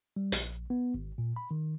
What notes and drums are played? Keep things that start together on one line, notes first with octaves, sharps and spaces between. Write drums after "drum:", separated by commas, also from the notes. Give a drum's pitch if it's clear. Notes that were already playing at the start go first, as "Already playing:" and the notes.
G3
A#1, drum: hi-hat
B3
G#1
A#2
B5
D#3